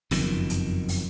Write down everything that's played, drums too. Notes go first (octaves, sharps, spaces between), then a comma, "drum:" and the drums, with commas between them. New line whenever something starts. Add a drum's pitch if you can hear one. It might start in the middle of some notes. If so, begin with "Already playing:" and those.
F#1 F2 B2 D#3, drum: open hi-hat
drum: hi-hat
drum: open hi-hat